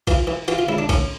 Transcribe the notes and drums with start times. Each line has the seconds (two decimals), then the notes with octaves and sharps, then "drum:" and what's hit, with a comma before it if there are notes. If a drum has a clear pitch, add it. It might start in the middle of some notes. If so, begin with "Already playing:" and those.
0.07 E3 F4, drum: kick, cymbal
0.27 E3
0.48 E3 F4, drum: cymbal
0.59 F4
0.69 C#2 E4
0.78 D4
0.89 A2 C#4, drum: kick, cymbal